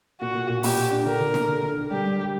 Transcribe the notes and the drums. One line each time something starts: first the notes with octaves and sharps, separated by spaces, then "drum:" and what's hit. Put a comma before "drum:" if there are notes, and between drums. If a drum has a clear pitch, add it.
A#2 F#4
A#2
A#2
A#2 G4, drum: open hi-hat
A#2
D4
D3 A#4
D3
D3, drum: snare
D3
D3
D3
G3 G4
G3
G3